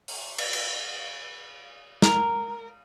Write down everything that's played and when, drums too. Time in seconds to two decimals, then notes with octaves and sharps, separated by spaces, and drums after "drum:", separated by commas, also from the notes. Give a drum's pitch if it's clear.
0.08 drum: open hi-hat
0.38 drum: cymbal
0.53 drum: cymbal
2.02 A#4, drum: snare